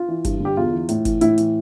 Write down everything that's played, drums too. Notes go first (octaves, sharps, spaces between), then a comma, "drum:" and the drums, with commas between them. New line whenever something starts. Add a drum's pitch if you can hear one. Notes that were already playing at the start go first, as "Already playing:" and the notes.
Already playing: F4
E3
G2, drum: kick, hi-hat
D3
G4
E2 F4
E3
A2, drum: hi-hat
E3, drum: kick, hi-hat
A2 E4, drum: hi-hat
E3, drum: hi-hat